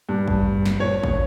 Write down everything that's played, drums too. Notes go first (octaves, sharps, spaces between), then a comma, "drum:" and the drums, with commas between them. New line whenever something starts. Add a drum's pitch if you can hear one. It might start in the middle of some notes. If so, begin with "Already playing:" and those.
G2
drum: kick
drum: snare
C#5
drum: kick